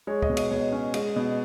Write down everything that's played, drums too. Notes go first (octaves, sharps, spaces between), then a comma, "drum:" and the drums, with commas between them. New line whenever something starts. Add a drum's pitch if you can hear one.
G#3 C#5
D#5, drum: kick
B2
D#5, drum: cymbal
B2 C#5
C#4
G#3 D#5, drum: cymbal
B2